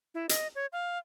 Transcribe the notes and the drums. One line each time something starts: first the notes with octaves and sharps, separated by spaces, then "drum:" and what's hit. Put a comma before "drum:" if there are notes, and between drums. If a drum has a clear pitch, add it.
E4
D#5, drum: hi-hat
C#5
F5